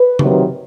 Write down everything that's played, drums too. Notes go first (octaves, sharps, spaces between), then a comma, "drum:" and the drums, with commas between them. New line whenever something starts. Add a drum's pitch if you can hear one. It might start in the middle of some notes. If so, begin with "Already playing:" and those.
Already playing: B4
C3 D#3 F#3, drum: tom C#3